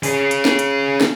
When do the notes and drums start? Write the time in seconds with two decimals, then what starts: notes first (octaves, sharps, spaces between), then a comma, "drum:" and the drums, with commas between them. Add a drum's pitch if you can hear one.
0.03 C#4 G#4, drum: open hi-hat
0.31 drum: hi-hat
0.45 drum: snare
0.59 drum: hi-hat
1.01 drum: snare